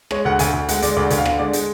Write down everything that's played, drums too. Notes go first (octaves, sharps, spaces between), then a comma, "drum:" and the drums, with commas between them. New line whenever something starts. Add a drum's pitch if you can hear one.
G#3 C#5, drum: rim click
D2 F#5
D2 G#5, drum: hi-hat
D2
G#3 F#5, drum: hi-hat
G#3 D5, drum: hi-hat
D2 D5
D2, drum: hi-hat
F5
D3, drum: rim click
G#3 D5
G#3, drum: hi-hat